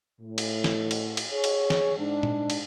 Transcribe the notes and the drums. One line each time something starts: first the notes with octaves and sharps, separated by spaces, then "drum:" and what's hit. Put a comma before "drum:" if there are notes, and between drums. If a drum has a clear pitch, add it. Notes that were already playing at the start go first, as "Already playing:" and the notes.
A2
drum: cymbal
drum: snare
drum: cymbal
drum: cymbal
G#4 C#5
drum: cymbal
drum: snare
G#2 D4
drum: tom A#2
drum: cymbal